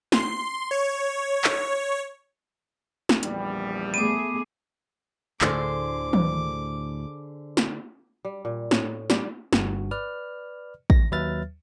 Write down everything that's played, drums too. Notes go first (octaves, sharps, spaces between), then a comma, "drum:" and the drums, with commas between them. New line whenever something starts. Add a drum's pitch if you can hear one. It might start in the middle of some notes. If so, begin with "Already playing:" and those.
C6, drum: snare
C#5
drum: clap
drum: snare
A#1 E2 G3, drum: hi-hat
A3 B3 G#4 D6 D#7
D2 A2 D3 G#4 C5 D6, drum: clap
drum: tom
drum: snare
G3
A#2
A2, drum: snare
G3, drum: snare
G1 G2 F#4, drum: snare
B4 D5 F6
A#6, drum: kick A1
D#2 F#3 B4 E5 F6 A6